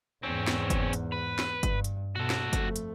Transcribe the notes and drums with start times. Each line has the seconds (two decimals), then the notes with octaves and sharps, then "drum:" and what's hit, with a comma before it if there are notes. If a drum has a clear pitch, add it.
0.23 E2 G#2 C4 C#4
0.47 drum: snare
0.70 drum: kick F#1, hi-hat
0.93 drum: hi-hat
1.12 B4
1.39 drum: snare
1.63 G2, drum: kick F#1, hi-hat
1.84 drum: hi-hat
2.16 B2 F#4 A4
2.30 drum: snare
2.53 F2 A3, drum: kick F#1, hi-hat
2.76 drum: hi-hat